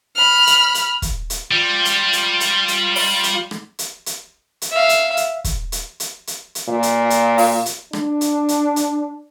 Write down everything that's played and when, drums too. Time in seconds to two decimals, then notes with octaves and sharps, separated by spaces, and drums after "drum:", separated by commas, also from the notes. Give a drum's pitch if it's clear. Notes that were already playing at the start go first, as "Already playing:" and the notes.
0.16 B5 F6
0.47 drum: hi-hat
0.75 drum: hi-hat
1.02 drum: kick, hi-hat
1.30 drum: hi-hat
1.51 G3 F4
1.85 drum: hi-hat
2.13 drum: hi-hat
2.40 drum: hi-hat
2.68 drum: hi-hat
2.96 drum: open hi-hat
3.23 drum: hi-hat
3.51 drum: rim click
3.79 drum: hi-hat
4.06 drum: hi-hat
4.62 drum: hi-hat
4.72 E5 F5
4.89 drum: hi-hat
5.17 drum: hi-hat
5.44 drum: kick, hi-hat
5.72 drum: hi-hat
6.00 drum: hi-hat
6.27 drum: hi-hat
6.55 drum: hi-hat
6.68 A#2
6.83 drum: hi-hat
7.10 drum: hi-hat
7.38 drum: open hi-hat
7.66 drum: hi-hat
7.93 D4, drum: rim click
8.21 drum: hi-hat
8.49 drum: hi-hat
8.76 drum: hi-hat